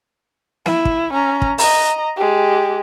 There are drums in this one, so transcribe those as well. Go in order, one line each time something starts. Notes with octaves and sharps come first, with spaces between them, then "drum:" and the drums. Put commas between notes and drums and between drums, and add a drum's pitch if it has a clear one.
E4, drum: snare
drum: kick
C#4 A#5
drum: kick
D#5 A#5, drum: open hi-hat
G#3 G4